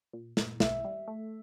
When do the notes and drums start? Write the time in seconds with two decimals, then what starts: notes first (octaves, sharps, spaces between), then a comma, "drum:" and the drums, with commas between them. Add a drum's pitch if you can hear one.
0.13 A#2
0.37 A#2, drum: snare
0.60 B1 E5, drum: snare
0.85 G3
1.08 A3